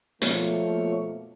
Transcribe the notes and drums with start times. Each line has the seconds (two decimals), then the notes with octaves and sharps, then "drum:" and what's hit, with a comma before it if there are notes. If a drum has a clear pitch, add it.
0.22 B2 F3 A3 A#3 C#5, drum: hi-hat